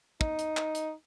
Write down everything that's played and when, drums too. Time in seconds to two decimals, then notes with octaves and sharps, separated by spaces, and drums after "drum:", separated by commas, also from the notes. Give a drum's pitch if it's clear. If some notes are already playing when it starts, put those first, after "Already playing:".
0.21 D#4, drum: kick
0.39 drum: hi-hat
0.57 drum: clap
0.75 drum: hi-hat